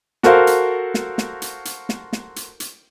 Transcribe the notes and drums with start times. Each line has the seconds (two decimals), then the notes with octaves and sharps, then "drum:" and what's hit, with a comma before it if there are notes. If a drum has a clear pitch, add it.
0.23 F#4 A4 A#4 C5 F5, drum: snare
0.47 drum: hi-hat
0.94 drum: snare
1.18 drum: snare
1.42 drum: hi-hat
1.65 drum: hi-hat
1.89 drum: snare
2.13 drum: snare
2.36 drum: hi-hat
2.60 drum: hi-hat